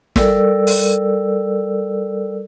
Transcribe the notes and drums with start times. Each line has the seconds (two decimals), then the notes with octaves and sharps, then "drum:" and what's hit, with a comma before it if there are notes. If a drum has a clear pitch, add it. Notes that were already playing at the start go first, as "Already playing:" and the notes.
0.16 G3 A4 A#4 D5 E6, drum: snare
0.67 drum: open hi-hat